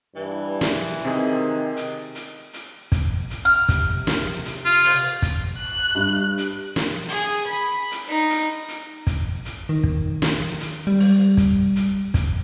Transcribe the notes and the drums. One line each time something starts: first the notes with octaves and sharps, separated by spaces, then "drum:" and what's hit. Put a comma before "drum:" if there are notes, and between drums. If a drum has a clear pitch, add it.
G2 E3
drum: snare
C3 D#3 C4 G#4
drum: hi-hat
drum: hi-hat
drum: hi-hat
drum: kick, hi-hat
drum: hi-hat
F6
C3, drum: kick, hi-hat
drum: snare
drum: hi-hat
F4
drum: open hi-hat
drum: kick, hi-hat
F#6
G2
drum: hi-hat
drum: snare
G#4
B5
drum: hi-hat
D#4
drum: hi-hat
drum: hi-hat
drum: kick, hi-hat
drum: hi-hat
D#3
drum: kick
drum: snare
drum: hi-hat
G3
drum: open hi-hat
drum: kick, hi-hat
drum: hi-hat
drum: kick, hi-hat